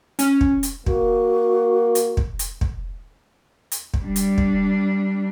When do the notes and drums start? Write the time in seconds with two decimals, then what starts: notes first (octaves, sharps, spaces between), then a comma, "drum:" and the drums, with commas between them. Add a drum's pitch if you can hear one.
0.19 C#4, drum: hi-hat
0.41 drum: kick
0.63 drum: hi-hat
0.86 A#3 F#4, drum: kick
1.95 drum: hi-hat
2.17 drum: kick
2.39 drum: hi-hat
2.61 drum: kick
3.72 drum: hi-hat
3.94 drum: kick
4.03 G3 D4
4.16 drum: hi-hat
4.38 drum: kick